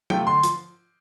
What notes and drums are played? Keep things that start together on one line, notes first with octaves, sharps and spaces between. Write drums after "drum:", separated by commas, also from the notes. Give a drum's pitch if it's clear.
C3 A3 F4 G5, drum: tom F#3
D3 C6
F3, drum: hi-hat